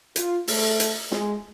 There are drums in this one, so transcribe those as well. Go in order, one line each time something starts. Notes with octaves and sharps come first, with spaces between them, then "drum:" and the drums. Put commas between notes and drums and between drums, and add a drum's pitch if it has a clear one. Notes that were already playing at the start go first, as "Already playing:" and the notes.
F4, drum: hi-hat
A3, drum: open hi-hat
drum: hi-hat
G#3, drum: snare